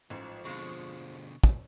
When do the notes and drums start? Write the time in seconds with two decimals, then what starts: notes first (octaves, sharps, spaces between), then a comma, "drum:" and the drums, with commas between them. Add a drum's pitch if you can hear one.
0.10 A1 G#2 F3
0.45 F2 B2 D3 G#3 C#6
1.44 drum: kick